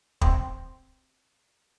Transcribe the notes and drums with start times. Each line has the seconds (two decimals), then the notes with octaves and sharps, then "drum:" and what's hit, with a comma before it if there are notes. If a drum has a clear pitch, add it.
0.21 C4 C5 G5, drum: kick